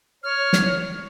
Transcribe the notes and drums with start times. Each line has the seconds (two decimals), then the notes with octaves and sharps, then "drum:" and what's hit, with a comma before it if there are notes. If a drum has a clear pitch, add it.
0.23 C#5 F6
0.53 drum: snare